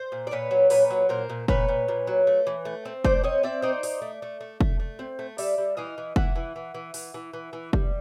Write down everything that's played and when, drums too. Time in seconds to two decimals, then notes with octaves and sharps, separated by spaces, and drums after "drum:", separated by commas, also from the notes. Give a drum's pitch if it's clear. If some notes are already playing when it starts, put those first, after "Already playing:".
Already playing: C5
0.12 A#2
0.27 D5
0.31 A#2 B4 C#5
0.51 F#3
0.70 A#2 B4 C#5, drum: open hi-hat
0.90 F#3
1.09 A#2 A#4 C5
1.29 A#2
1.48 A#2 B4 C#5, drum: kick F1
1.68 A#2
1.88 A#2
2.07 F#3
2.27 A3
2.47 E3
2.65 A3
2.85 C4
3.05 A3 C5 D5, drum: kick F1
3.23 C4 C#5 D#5
3.43 C4 D5 E5
3.62 D#4 C5 D5
3.83 D#4, drum: open hi-hat
4.02 A3
4.22 A3
4.41 A3
4.61 A3, drum: kick F1
4.80 A3
4.99 C4
5.19 A3
5.38 G3 D5 E5, drum: open hi-hat
5.58 G3
5.77 E3 D#5 F5
5.98 E3
6.16 E3 E5 F#5, drum: kick F1
6.36 E3
6.56 E3
6.74 E3
6.94 E3, drum: open hi-hat
7.14 E3
7.33 E3
7.53 E3
7.73 G3, drum: kick F1